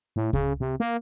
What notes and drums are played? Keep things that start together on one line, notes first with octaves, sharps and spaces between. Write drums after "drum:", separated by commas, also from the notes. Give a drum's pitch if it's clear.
A2
C#3, drum: kick C#2
C3
A#3